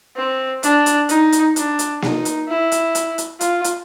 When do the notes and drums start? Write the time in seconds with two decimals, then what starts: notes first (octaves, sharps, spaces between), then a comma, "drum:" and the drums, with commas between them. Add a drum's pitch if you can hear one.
0.16 C4
0.63 D4, drum: hi-hat
0.86 drum: hi-hat
1.09 D#4, drum: hi-hat
1.32 drum: hi-hat
1.56 D4, drum: hi-hat
1.79 drum: hi-hat
2.02 D#4, drum: snare A#3
2.25 drum: hi-hat
2.48 E4
2.72 drum: hi-hat
2.95 drum: hi-hat
3.18 drum: hi-hat
3.41 F4, drum: hi-hat
3.64 drum: hi-hat